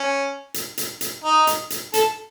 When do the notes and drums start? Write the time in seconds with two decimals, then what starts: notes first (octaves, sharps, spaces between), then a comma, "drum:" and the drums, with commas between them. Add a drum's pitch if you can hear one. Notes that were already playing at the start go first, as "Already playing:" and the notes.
Already playing: C#4
0.54 drum: hi-hat
0.78 drum: hi-hat
1.01 drum: hi-hat
1.24 D#4
1.47 drum: hi-hat
1.70 drum: hi-hat
1.94 A4, drum: hi-hat